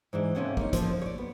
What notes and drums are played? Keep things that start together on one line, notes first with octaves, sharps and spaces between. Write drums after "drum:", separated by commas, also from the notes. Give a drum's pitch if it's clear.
G#2 E3 D4
C3 D#3 A#3 C#4 A4 F#5
A#3 C#4 D#4, drum: kick
A2 F3 A#3, drum: kick, hi-hat
C#5 D5
B3